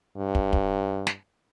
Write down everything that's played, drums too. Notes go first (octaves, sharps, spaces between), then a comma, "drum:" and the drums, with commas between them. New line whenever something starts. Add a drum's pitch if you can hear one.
G2
drum: kick
drum: kick
drum: snare